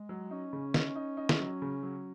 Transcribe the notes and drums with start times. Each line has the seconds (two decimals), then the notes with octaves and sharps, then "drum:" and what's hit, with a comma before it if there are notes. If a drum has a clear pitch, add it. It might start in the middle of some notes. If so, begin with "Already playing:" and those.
Already playing: G#3
0.09 F#3
0.31 C#4 D#4
0.53 C#3
0.74 D#4, drum: snare
0.96 D#4
1.17 D#4
1.29 drum: snare
1.40 F#3
1.62 C#3
1.83 F#3